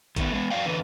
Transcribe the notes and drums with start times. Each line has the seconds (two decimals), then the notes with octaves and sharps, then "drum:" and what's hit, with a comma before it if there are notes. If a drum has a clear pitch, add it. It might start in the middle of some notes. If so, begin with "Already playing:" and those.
0.16 D#3 A3 B3, drum: kick A1, hi-hat
0.33 G#3 B3
0.50 F#2 F#3 D5 F5 G5
0.65 E2 D3 E3 B4